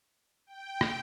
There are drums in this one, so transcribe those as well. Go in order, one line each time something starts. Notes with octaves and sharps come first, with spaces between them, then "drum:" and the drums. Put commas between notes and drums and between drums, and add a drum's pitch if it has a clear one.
G5
drum: rim click